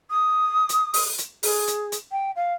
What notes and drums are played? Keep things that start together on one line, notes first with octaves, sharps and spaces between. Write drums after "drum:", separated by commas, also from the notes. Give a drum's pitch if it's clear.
D#6
drum: hi-hat
drum: open hi-hat
drum: hi-hat
G#4, drum: open hi-hat
drum: hi-hat
drum: hi-hat
G5
F5